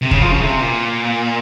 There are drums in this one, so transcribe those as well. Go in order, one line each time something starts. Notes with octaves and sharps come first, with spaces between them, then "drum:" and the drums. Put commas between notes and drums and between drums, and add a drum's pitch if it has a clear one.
C3
C#3, drum: kick
F3
C#3
C3
A#2